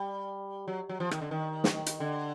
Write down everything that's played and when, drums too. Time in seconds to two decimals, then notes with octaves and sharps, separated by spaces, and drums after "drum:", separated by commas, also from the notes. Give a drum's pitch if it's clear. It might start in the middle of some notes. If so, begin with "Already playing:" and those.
Already playing: G3
0.68 F#3
0.89 F#3
1.00 F3
1.11 D#3, drum: rim click
1.22 D3
1.31 D#3
1.64 drum: snare
1.86 drum: hi-hat
2.00 D3